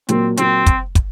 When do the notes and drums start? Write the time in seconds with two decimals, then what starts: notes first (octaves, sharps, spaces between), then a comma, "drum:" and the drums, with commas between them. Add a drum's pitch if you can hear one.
0.09 A#2 F#3 A#3 C4, drum: hi-hat
0.37 A#2 F#3 A#3 C4, drum: hi-hat
0.66 drum: kick, hi-hat
0.95 drum: kick, hi-hat